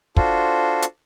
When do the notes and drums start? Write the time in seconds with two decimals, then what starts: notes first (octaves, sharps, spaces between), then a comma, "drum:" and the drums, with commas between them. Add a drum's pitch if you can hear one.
0.17 D4 F4 F#4 A4 C5, drum: kick
0.82 drum: hi-hat